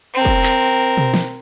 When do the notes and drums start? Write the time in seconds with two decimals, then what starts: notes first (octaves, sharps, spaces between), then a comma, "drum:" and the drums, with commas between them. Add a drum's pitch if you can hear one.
0.14 C4 A#4
0.25 drum: kick
0.44 drum: clap
0.97 drum: tom B2
1.14 drum: snare